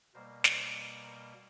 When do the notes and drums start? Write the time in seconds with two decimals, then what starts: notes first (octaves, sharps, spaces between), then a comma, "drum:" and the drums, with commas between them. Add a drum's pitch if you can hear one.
0.14 B2 G3 A#3 A#4 C5
0.44 B4 C#5, drum: snare
1.03 A#4 C5